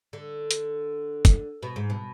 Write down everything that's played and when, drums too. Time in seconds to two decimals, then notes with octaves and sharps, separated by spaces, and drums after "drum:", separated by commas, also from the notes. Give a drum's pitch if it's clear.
0.13 D3
0.51 drum: hi-hat
1.25 drum: kick, hi-hat
1.63 B2
1.76 G#2
1.90 B2